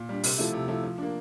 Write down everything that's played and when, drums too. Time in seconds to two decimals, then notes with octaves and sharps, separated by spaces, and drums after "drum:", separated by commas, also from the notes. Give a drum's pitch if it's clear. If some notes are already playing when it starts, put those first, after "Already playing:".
Already playing: A#2
0.09 G3 D4
0.24 C3, drum: open hi-hat
0.38 F3 A3 E4
0.53 C3
0.68 F3 A3 E4
0.84 F3
0.98 A#3 D4